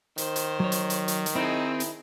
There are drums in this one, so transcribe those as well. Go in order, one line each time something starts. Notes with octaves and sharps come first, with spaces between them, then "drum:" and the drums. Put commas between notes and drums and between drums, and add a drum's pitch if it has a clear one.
D#3 C5, drum: hi-hat
drum: hi-hat
F#3 C#5
drum: hi-hat
drum: hi-hat
drum: hi-hat
drum: hi-hat
C4 D#4 E4 G#4
drum: hi-hat